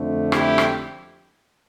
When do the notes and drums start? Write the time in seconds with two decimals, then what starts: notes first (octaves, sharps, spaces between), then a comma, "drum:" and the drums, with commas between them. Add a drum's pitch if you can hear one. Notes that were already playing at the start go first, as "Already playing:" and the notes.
Already playing: F2 D3 A3
0.32 E4 G4, drum: rim click
0.58 drum: rim click